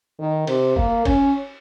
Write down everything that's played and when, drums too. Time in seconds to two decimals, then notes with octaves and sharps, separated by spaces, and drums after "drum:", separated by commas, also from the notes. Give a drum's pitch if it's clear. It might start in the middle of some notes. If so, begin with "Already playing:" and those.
0.20 D#3
0.47 C3, drum: cymbal
0.76 A#3, drum: kick
1.05 C#4, drum: kick, cymbal